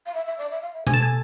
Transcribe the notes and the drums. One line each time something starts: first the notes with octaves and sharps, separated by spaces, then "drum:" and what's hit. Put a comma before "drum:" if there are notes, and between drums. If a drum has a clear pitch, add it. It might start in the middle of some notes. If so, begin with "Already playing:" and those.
F5
E5
E5
D5
E5
F5
E5
A4 G#5, drum: tom B2
A5
G#5